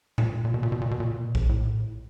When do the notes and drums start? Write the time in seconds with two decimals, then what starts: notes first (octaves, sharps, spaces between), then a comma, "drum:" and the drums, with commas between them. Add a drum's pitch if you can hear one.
0.18 A#2, drum: tom A2
0.45 A#2
0.54 B2
0.63 A#2
0.72 B2
0.81 A#2
0.91 B2
1.00 A#2
1.35 drum: kick A#1
1.49 A2